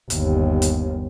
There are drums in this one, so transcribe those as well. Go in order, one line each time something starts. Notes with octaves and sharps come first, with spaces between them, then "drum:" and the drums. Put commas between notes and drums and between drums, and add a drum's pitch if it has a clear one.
G1 D#2, drum: hi-hat
drum: hi-hat